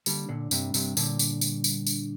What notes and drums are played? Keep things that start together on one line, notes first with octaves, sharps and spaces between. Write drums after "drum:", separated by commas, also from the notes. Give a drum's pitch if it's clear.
D3 G3 A#3, drum: tambourine
A#2 D3 D4
G2 C3 G3, drum: tambourine
G2 C3 G3, drum: tambourine
A#2 D3 A#3, drum: tambourine
D4, drum: tambourine
G3, drum: tambourine
G3, drum: tambourine
D4, drum: tambourine